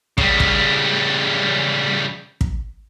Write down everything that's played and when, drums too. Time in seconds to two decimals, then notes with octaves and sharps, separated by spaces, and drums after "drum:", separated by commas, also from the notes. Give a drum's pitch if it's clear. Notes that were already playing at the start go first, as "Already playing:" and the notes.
0.18 C#3 G3, drum: kick
0.40 drum: kick
2.41 drum: kick